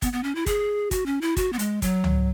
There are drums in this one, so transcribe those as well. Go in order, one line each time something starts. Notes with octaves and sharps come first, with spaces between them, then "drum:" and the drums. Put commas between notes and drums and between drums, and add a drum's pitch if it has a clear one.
B3, drum: kick, hi-hat
B3
C#4
E4
G#4, drum: kick, hi-hat
F#4, drum: kick, hi-hat
C#4
E4
F#4, drum: kick, hi-hat
B3
G#3, drum: hi-hat
F#3, drum: kick, hi-hat
drum: tom C#2